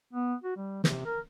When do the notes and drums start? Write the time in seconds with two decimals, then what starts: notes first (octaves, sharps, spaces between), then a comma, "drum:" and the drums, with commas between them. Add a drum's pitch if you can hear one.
0.13 B3
0.44 F#4
0.57 G3
0.84 C3, drum: snare
1.05 A#4